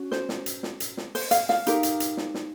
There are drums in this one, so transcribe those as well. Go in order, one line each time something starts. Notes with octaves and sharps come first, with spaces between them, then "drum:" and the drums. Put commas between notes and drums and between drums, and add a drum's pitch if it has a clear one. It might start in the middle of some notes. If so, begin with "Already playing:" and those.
Already playing: C#4 F#4
C5, drum: snare
drum: snare
drum: hi-hat
drum: snare
drum: hi-hat
drum: snare
C5, drum: open hi-hat
F5, drum: hi-hat
F5, drum: snare
D#4 G4 A#4, drum: hi-hat
drum: hi-hat
drum: hi-hat
drum: snare
drum: snare